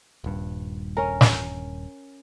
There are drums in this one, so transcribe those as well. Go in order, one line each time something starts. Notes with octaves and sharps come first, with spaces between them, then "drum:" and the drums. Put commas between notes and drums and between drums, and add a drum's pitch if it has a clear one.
D#1 G2
C#4 A#4
drum: snare